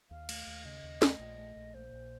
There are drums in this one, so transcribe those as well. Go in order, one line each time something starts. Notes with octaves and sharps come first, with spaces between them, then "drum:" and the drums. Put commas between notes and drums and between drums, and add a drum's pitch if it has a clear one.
D#2 F5
A3, drum: cymbal
D#2
C#3 D#5
D#2
A3, drum: snare
A#1
A3
A#1
A#2 C5
A#1